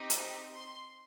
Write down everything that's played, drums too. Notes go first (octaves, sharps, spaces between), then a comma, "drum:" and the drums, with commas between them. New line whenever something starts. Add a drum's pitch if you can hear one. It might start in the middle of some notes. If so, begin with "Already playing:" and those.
Already playing: C4 D#4 G4
drum: hi-hat
C6